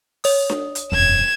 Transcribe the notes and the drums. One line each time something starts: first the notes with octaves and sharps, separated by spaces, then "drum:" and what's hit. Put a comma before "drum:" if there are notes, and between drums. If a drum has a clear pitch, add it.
C#5 D#6, drum: open hi-hat
drum: snare D4
drum: hi-hat
E1 F#2 G#6 E7